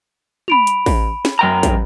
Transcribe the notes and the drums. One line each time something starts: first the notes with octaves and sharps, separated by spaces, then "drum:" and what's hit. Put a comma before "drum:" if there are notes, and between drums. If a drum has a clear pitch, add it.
B5 D7 F7, drum: tom
drum: hi-hat
drum: kick, open hi-hat
drum: snare
F#2 G5 A#5
drum: kick, hi-hat